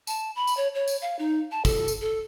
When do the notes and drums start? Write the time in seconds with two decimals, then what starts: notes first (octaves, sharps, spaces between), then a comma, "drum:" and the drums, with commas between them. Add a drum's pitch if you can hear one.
0.07 A5, drum: tambourine
0.36 B5
0.47 drum: tambourine
0.57 C#5
0.75 C#5
0.88 drum: tambourine
1.02 F5
1.19 D#4
1.51 A5
1.65 A4, drum: kick, tambourine
1.88 drum: tambourine
2.01 A4